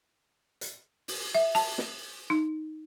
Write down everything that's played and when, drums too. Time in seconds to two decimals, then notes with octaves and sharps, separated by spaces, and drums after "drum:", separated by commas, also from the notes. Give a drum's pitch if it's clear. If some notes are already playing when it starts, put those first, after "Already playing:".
0.61 drum: hi-hat
1.08 drum: open hi-hat
1.35 E5
1.55 A5, drum: open hi-hat
1.78 drum: snare
2.30 D#4